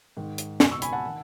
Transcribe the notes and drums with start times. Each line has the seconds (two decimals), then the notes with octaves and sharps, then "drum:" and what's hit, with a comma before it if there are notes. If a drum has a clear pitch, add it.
0.17 G#2 D#3
0.38 drum: hi-hat
0.60 C#2 B2, drum: snare
0.71 C#6 E6
0.82 G#5 B5, drum: hi-hat
0.93 F#5 A5
1.08 D#3